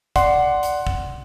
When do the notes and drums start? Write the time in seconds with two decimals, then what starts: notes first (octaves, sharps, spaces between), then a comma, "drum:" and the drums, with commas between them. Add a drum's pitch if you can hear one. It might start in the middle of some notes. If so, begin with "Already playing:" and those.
0.16 D5 F#5 C6, drum: kick, hi-hat
0.63 drum: hi-hat
0.87 drum: kick